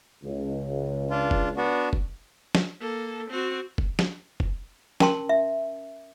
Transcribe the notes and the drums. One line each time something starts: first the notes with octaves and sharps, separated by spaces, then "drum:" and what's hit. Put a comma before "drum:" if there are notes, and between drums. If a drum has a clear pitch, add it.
C#2
D4 F4
drum: kick
B3 D4 F#4
drum: kick
drum: snare
A#3 A4
C4 F#4
drum: kick
drum: snare
drum: kick
C#4 A#4 G5 A5 C6, drum: snare
E5